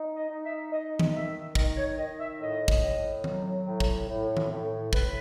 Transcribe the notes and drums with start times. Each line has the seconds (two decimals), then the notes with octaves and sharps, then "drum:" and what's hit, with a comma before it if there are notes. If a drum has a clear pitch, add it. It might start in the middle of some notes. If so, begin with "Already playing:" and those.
Already playing: D#4
0.15 D#5
0.29 D#4
0.44 E5
0.71 D#4 D#5
1.00 drum: tom D#3
1.14 D#3 E5
1.55 D#3 D#5, drum: kick
1.76 C#5
1.98 D#3 D#5
2.19 E5
2.40 A2 D#5
2.68 drum: kick
2.82 A2
3.24 F#3, drum: tom D#3
3.67 A2
3.80 drum: kick
4.08 A2
4.37 drum: tom D#3
4.51 A2
4.93 A2 B4, drum: kick